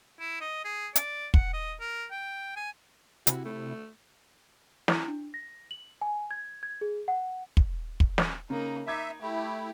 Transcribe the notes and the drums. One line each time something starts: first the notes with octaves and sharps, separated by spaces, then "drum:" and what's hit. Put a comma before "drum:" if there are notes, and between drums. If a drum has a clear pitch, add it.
E4
D#5
G#4
D5, drum: hi-hat
F#5, drum: kick
D#5
A#4
G5
G#5
C3 E4 F#4, drum: hi-hat
A3
E4, drum: snare
D4
A#6
F#7
G#5
G#6
G#6
G#4
F#5
drum: kick
drum: kick
drum: snare
C#3 A#3 D#4
D#4 E5 B5 D6 G#6
A3 E4 G4